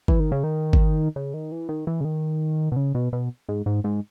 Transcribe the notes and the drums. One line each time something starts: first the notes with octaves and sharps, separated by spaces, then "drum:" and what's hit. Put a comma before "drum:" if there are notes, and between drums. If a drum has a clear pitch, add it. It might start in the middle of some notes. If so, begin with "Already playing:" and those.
E3, drum: kick G1
D#3
C#3
D#3
drum: kick G1
C#3
D#3
E3
D#3
E3
C#3
D#3
B2
C#3
B2
B2
G#2
G#2
G#2